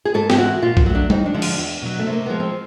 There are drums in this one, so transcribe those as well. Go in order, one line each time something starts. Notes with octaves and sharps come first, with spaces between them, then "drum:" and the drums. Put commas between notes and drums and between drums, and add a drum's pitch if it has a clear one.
G#4
G#2 A4
G4, drum: snare
E3 G#3 F#4
A#2 F4
drum: kick A#1
F#3 A3
D4
F2 D#4, drum: tom G3
D4
D3 F3 G#3 D#4
D4, drum: cymbal
E2
B2 F#3
A3
C3
A#3
F3 G#3 B3
C4